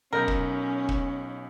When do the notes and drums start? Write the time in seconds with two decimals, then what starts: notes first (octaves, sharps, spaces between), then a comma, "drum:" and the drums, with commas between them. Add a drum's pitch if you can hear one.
0.13 B1 C#4 A#4 D#5 G6
0.28 drum: kick
0.89 drum: kick